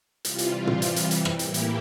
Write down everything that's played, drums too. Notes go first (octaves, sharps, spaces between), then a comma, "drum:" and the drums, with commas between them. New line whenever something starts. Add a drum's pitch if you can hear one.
C3 E3 G3 F4, drum: hi-hat
drum: hi-hat
drum: tom
drum: hi-hat
drum: hi-hat
drum: hi-hat
drum: rim click
A2 E3 A#3 E4 G4, drum: hi-hat
drum: hi-hat